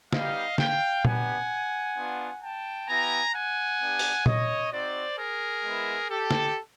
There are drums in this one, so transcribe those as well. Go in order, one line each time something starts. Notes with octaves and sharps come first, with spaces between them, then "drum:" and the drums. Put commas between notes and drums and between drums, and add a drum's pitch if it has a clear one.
G3 B3 D#4 G4 D#5 F5, drum: snare
F5 G5, drum: snare
B3 D4 G4 F#5 G#5, drum: tom A#2
B3 D4 F4
G5 A5
B3 E4 G4 G#5 A#5
F#5 G#5
B3 D4 G4
drum: open hi-hat
C#5 D#5, drum: tom A#2
C4 D#4 F#4 C5 D5
G#4 A#4
G#3 B3 E4
G4 A4
drum: snare